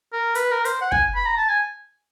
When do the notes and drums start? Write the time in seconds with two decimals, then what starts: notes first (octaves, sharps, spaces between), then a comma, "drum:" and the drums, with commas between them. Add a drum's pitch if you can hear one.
0.13 A#4
0.35 B4, drum: hi-hat
0.51 A#4
0.65 C5, drum: hi-hat
0.81 F#5
0.92 G#5, drum: kick
1.15 B5
1.26 A#5
1.37 A5
1.49 G#5